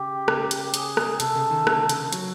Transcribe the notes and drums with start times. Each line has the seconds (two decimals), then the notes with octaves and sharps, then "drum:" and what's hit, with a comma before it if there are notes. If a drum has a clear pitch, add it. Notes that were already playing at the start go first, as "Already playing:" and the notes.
Already playing: C#3 G4
0.28 C#3, drum: rim click
0.51 drum: hi-hat
0.74 G#4, drum: hi-hat
0.97 drum: rim click
1.20 C3 A4, drum: hi-hat
1.35 C#3
1.51 D#3
1.67 D3, drum: rim click
1.89 C#3, drum: hi-hat
2.13 F#3, drum: hi-hat